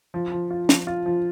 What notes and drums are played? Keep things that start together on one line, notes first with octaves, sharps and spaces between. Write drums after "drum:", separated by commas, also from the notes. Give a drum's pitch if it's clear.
F3
F3
F4
F3, drum: snare
F4
F3